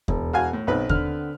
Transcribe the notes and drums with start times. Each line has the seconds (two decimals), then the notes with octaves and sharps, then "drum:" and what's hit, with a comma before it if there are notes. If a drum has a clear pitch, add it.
0.08 E1, drum: kick D#2
0.33 F#4 F5 G#5
0.53 A2
0.67 B1 B3 C4 B4
0.89 D3 F6, drum: kick D#2